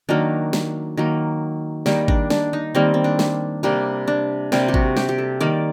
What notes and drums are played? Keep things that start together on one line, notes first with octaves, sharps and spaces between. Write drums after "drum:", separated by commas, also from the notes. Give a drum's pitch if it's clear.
D#3 F#3 A#3 D4
drum: snare
D#3 F#3 A#3
D#3 G3 A#3 D#4, drum: snare
D4, drum: kick G#1
D4, drum: snare
D#4
D#3 G3 A#3 C4
C4
D4
drum: snare
C3 G3 A#3 D4
D4
C3 G3 A#3, drum: snare
G4
F#4, drum: kick G#1
G4, drum: snare
G4
A4
D#3 G3 A#3 D5